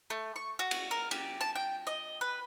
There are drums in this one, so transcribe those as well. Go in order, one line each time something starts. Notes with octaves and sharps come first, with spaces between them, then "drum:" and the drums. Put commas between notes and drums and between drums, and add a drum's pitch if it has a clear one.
A3
C#6
F#4
drum: cymbal
A#4
G4, drum: cymbal
A5
G5
D#5
B4